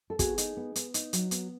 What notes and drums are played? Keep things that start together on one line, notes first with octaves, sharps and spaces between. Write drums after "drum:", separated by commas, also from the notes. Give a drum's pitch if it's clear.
A4
B3 F#4 G#4, drum: kick, hi-hat
D#4, drum: hi-hat
B3
B3, drum: hi-hat
D#4, drum: hi-hat
F#3, drum: hi-hat
B3, drum: hi-hat